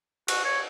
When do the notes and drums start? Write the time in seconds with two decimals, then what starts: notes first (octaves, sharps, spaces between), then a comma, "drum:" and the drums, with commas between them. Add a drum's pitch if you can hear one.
0.28 F#4, drum: cymbal
0.45 C#5